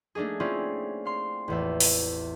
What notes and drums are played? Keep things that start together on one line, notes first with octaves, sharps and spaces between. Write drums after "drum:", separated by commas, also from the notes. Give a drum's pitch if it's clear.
A3 A#3 D4 D#4 G#4
C4 C#4 E4 F4 D5
F5 C6
A1 E2 E5
drum: open hi-hat